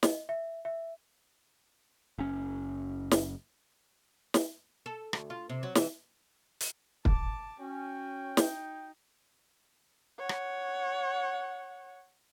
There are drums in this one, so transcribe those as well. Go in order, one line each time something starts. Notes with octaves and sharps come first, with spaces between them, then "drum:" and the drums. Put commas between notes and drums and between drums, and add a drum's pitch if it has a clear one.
D#5, drum: snare
E5
E5
F#1 C#4
drum: snare
drum: snare
A4
D2, drum: rim click
F4
C3
F#3
E3, drum: snare
drum: hi-hat
A5 D6, drum: kick
C#4 F#4 G5
D#4, drum: snare
C#5 F#5
drum: rim click